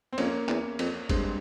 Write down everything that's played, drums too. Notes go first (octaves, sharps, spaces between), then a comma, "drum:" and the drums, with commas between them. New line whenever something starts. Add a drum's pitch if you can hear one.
C4
F2 A#3 C#4, drum: cymbal
E2, drum: clap
F2, drum: cymbal
G2 G#3 C4, drum: kick G1, cymbal